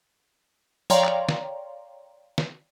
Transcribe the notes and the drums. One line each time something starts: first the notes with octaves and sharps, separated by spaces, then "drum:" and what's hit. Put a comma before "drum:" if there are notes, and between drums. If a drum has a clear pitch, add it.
C#5 D5 F5 G5 A#5 C6, drum: tom F3
drum: clap
drum: snare
drum: snare